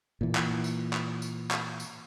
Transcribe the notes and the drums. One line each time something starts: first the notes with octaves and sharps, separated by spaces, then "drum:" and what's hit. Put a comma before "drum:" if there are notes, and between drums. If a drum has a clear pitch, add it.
A#2 E3
drum: clap
drum: tambourine
drum: clap
drum: tambourine
drum: clap
drum: tambourine